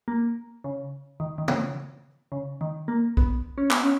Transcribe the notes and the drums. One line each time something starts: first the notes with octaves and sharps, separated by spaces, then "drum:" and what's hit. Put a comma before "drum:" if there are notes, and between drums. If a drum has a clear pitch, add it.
A#3
C#3
D#3
D#3
C#3, drum: tom
C#3
D#3
A#3
B3, drum: kick
C#4
B3, drum: clap
C#4